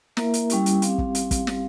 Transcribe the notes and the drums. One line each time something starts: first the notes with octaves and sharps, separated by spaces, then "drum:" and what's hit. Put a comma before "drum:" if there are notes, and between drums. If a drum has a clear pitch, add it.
A#3 E4 A#4 E5, drum: snare
drum: hi-hat
G3 C#4 E4 G4, drum: hi-hat
drum: hi-hat
C4 G4 F5, drum: hi-hat
drum: kick
drum: hi-hat
drum: kick, hi-hat
drum: snare